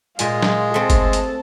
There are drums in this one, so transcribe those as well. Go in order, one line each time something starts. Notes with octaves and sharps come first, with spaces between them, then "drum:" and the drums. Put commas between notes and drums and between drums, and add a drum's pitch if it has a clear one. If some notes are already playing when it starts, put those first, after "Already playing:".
A#2 G#3 F4 G#5, drum: hi-hat
drum: snare
A3 C4 A4
drum: kick, hi-hat
drum: hi-hat